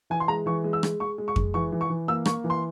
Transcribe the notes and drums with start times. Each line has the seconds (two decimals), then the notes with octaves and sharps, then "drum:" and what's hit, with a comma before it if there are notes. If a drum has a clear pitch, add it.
0.10 E3 G#5
0.20 C6
0.28 G#3 A#5
0.46 E3 C#6
0.64 G#3
0.73 E6
0.83 G#3, drum: rim click
1.00 G#3 C#6
1.18 G#3
1.28 C#6
1.36 G#3, drum: kick F2
1.54 E3 C#6
1.72 E3
1.81 C#6
1.90 E3
2.08 A#3 E6
2.25 A#3 C#6, drum: rim click
2.44 E3
2.50 C6